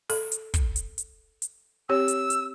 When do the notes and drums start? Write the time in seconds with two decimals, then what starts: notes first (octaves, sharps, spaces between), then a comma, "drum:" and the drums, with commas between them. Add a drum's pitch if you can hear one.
0.10 A4, drum: open hi-hat
0.32 drum: hi-hat
0.54 drum: kick, hi-hat
0.76 drum: hi-hat
0.98 drum: hi-hat
1.42 drum: hi-hat
1.89 C4 G4 C#5 E6
2.08 drum: hi-hat
2.30 drum: hi-hat